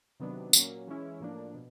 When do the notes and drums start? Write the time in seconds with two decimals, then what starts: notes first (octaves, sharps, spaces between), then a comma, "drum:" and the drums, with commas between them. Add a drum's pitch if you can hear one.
0.20 C3 D#3 F#3 B3 D4
0.53 A#2 F#3 A#3 C#4, drum: tambourine
0.87 E3 G#3 C#4 E4
1.20 A2 F3 A#3 D4
1.54 B2